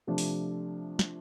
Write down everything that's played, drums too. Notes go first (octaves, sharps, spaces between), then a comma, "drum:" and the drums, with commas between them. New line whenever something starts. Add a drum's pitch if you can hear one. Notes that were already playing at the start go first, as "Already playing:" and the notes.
C3 F3 A3 D4
drum: open hi-hat
drum: snare